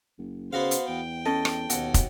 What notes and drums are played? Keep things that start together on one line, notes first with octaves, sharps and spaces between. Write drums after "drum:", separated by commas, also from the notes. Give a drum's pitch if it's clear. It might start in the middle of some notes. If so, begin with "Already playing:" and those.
F#1
C#3 B3 F#4 C5 F5
drum: hi-hat
E2 G5
C#4 A4 D#5
drum: rim click
D#2 B2 F#4, drum: hi-hat
drum: kick, hi-hat